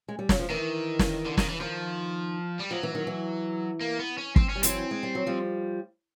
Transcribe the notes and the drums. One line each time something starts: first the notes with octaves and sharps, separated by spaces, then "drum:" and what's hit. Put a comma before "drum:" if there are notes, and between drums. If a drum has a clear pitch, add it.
G#3
G3
F#3, drum: snare
F3
D#3 E3
drum: snare
D3
D#3, drum: snare
E3
D#3 F3
G3
F3 F#3
E3
D#3
E3
A#3
B3
C#4
C4, drum: kick
C#4
G3
E3 F#3 C4, drum: hi-hat
G#3
G3
F#3
F3 G3